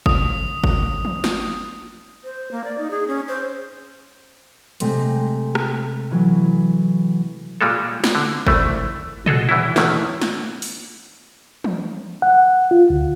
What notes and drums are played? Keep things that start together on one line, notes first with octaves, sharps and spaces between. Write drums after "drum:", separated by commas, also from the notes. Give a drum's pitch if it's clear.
D#6, drum: kick
drum: kick
drum: tom E3
drum: snare
C5
A#3
D5
D#4
G#4
C#4
C5
C3 G#3 A3 C4, drum: hi-hat
drum: rim click
E3 F#3
A#2 G3 G#3 A4
drum: snare
D3
C2 E3 A3, drum: kick
F#4 G#4 A4 D#5, drum: tom A#2
E2 E3 C#4 E4
A1 E2 B2 D#3 E3, drum: snare
drum: snare
drum: open hi-hat
drum: tom E3
F#5
F4
D2